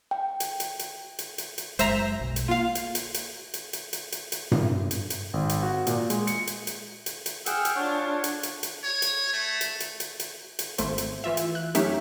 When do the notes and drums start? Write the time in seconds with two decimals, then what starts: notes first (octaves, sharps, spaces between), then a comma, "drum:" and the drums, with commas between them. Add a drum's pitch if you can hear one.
0.11 G5
0.40 drum: hi-hat
0.60 drum: hi-hat
0.79 drum: hi-hat
1.19 drum: hi-hat
1.38 drum: hi-hat
1.58 drum: hi-hat
1.79 F#1 C#2 G#3 C5 E5 A#5, drum: hi-hat
2.21 B1
2.36 drum: hi-hat
2.48 A#3 F4 F5
2.75 drum: hi-hat
2.95 drum: hi-hat
3.14 drum: hi-hat
3.54 drum: hi-hat
3.73 drum: hi-hat
3.93 drum: hi-hat
4.12 drum: hi-hat
4.32 drum: hi-hat
4.52 drum: tom G2
4.91 drum: hi-hat
5.10 drum: hi-hat
5.34 G#1
5.49 drum: hi-hat
5.63 F#4
5.87 A#2, drum: hi-hat
6.10 G#3, drum: hi-hat
6.27 C#7, drum: hi-hat
6.47 drum: hi-hat
6.67 drum: hi-hat
7.06 drum: hi-hat
7.26 drum: hi-hat
7.46 G#4 F#5 G5 E6 F6, drum: hi-hat
7.65 drum: hi-hat
7.76 D4 F4 C#5 F#5
8.24 drum: hi-hat
8.43 drum: hi-hat
8.63 drum: hi-hat
8.83 C#5
9.02 drum: hi-hat
9.33 A3
9.61 drum: hi-hat
9.80 drum: hi-hat
10.00 drum: hi-hat
10.19 drum: hi-hat
10.59 drum: hi-hat
10.78 G#1 A3 C5, drum: hi-hat
10.98 drum: hi-hat
11.24 E3 F4 E5
11.37 drum: hi-hat
11.55 F#6
11.75 F#2 A3 C#4 D#4 G4 E5, drum: hi-hat